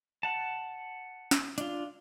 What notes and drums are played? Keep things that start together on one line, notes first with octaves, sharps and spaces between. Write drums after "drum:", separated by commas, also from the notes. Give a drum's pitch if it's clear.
F#5 A5
drum: snare
D4 F4, drum: hi-hat